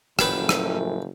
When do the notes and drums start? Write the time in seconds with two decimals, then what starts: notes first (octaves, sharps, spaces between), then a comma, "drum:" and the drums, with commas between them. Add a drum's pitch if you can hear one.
0.19 F#1 F#2 A2 F3 B4 G5, drum: rim click
0.49 drum: rim click